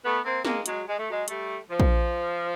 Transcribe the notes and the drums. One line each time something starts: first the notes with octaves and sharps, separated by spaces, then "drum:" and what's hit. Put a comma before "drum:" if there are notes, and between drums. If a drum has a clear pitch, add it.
A3 B3
A#3 C4
G#3 A#3, drum: snare
F#3 G#3, drum: hi-hat
G#3
A3
F#3 G#3
G3 A3, drum: hi-hat
F3
drum: kick A#1